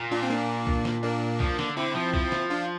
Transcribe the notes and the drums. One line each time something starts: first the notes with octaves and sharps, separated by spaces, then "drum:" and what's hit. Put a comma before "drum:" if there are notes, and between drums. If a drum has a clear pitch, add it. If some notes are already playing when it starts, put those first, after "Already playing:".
Already playing: A#2
D4 F4
C4
A#3 D4
drum: kick C2
drum: snare
A#3 D4
F3, drum: kick C2
D3, drum: snare
D3 C4 E4
F3
F3, drum: kick C2
drum: snare
D4 F4